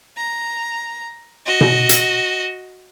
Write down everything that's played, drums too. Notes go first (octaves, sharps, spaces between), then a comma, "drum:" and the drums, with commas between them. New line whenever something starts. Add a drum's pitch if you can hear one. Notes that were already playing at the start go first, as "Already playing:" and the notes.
A#5
F#4 D#5
drum: tom B2
drum: hi-hat